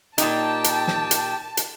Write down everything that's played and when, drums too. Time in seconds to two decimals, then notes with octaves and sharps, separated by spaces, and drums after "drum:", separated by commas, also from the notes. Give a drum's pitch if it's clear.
0.18 A#2 D#4 G4 G5 A5, drum: hi-hat
0.64 drum: hi-hat
0.88 drum: snare
1.11 drum: hi-hat
1.57 drum: hi-hat